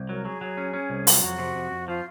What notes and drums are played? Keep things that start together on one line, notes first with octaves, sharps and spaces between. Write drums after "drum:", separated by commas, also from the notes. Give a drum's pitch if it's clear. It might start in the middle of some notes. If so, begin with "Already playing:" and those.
Already playing: C2
F#3 A#4
F#3 G#4
F#3
C#4
C#4
C2
F#3, drum: open hi-hat
F4
F2 F#4
C3
F2
F2
F3 F4